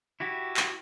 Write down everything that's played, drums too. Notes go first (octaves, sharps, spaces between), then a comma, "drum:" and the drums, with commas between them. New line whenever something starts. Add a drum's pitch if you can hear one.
E4 F#4 G4
drum: clap